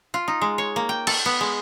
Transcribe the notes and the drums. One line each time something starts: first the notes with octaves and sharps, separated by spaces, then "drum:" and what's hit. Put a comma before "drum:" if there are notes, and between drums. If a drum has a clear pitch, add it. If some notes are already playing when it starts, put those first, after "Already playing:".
F4
D#4
G#3
C#5
A#3
G5
A4, drum: cymbal
B3
G#3